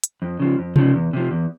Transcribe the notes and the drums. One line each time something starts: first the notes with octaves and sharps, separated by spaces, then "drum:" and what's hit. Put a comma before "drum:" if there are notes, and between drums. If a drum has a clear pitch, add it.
drum: hi-hat
F2
C#3 F3
F2
C#3 F3, drum: tom C3
E2
C3 F3
E2